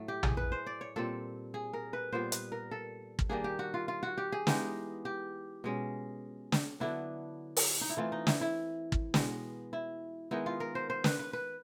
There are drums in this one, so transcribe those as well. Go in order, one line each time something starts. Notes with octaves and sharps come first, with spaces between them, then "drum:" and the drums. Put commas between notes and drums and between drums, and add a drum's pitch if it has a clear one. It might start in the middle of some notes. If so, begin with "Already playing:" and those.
Already playing: A2 F#3 A3
G4
G#4, drum: tom
B4
C5
D5
C#5
A#2 G3 C4 A4
G#4
A#4
B4
A#2 G3 B3 C5
B4, drum: hi-hat
A#4
A4
drum: kick
D#3 G3 A#3 D4 G#4
G4
F#4
F4
F4
F#4
G4
G#4
E3 G#3 B3 D#4 G4, drum: snare
G4
B2 G#3 C#4
drum: snare
D3 F#3 B3 D4 E4
drum: open hi-hat
D#4
E4
E3 A3 C4 D#4 F4
D#4
E4, drum: snare
E4
drum: kick
B2 G#3 B3, drum: snare
E4
D#3 G#3 B3 D#4 E4
F4
A#4
C5
C5
B4, drum: snare
B4
B4